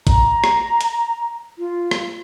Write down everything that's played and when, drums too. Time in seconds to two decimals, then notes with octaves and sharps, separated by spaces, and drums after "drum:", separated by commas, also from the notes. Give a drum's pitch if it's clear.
0.07 A#5, drum: kick, hi-hat
0.44 drum: rim click
0.81 drum: hi-hat
1.58 F4
1.91 drum: rim click